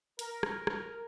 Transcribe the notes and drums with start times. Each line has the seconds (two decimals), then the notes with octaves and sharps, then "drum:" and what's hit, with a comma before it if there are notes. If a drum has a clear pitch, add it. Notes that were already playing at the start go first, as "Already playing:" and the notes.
0.19 A#4, drum: hi-hat
0.43 drum: rim click
0.67 drum: rim click